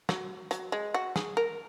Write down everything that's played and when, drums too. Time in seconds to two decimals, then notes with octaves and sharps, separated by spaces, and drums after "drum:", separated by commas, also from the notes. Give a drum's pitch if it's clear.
0.09 F#3, drum: snare
0.51 F#3, drum: hi-hat
0.72 G#3
0.94 F#4
1.16 G#4, drum: snare
1.37 A#4